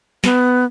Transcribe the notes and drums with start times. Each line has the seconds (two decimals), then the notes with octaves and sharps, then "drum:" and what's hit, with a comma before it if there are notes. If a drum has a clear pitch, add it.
0.24 B3, drum: snare